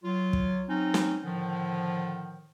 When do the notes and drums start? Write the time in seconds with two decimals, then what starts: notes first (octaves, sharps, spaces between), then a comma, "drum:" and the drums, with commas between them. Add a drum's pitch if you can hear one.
0.04 F#3 F4
0.33 drum: kick
0.68 F#3 C4 C#4 D#4
0.94 drum: snare
1.24 A2 D3 D#3 F3